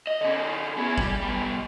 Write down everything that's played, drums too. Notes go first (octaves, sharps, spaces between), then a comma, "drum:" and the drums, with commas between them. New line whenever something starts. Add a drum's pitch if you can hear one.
D#5
D3 C#4
B3 G#4
G3, drum: kick G1
G3 B3